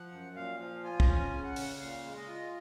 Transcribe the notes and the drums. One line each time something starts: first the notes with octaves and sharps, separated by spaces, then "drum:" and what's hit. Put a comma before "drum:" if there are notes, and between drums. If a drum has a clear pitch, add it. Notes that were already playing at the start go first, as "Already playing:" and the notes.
Already playing: F3 F#5
F#2
A#2 F5
F3 F5
F4 G#5
A#5, drum: kick
C#4 G#5
C#3
F#5
C#3, drum: open hi-hat
A#2 F5
G#3
D#5
F4